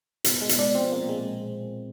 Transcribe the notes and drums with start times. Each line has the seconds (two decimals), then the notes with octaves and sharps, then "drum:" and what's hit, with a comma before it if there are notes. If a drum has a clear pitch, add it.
0.24 B2, drum: hi-hat
0.41 G#3
0.49 B2, drum: hi-hat
0.59 D4
0.75 F3 C4
0.92 A#3
1.01 A#2
1.09 G#3